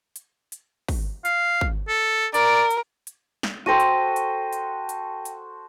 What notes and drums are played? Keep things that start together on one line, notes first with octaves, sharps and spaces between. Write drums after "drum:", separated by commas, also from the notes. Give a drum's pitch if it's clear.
drum: hi-hat
drum: hi-hat
drum: kick, open hi-hat
F5, drum: hi-hat
drum: kick
A4
A#4 D5, drum: hi-hat
drum: hi-hat
drum: hi-hat
drum: snare
F#4 A4 C5 G5 A#6 D#7
drum: hi-hat
drum: hi-hat
drum: hi-hat
drum: hi-hat
drum: hi-hat